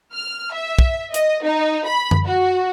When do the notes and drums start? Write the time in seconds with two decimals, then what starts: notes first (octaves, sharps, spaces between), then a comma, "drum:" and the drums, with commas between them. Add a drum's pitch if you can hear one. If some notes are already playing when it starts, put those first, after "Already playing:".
0.14 F6
0.53 E5
0.79 drum: kick
1.14 D#5, drum: hi-hat
1.44 D#4
1.87 B5
2.11 drum: tom F#2
2.27 F#4